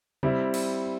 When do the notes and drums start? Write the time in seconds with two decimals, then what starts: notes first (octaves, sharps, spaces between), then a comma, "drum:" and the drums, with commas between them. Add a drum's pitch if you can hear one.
0.23 G3 C4 E4, drum: tom C3
0.54 drum: cymbal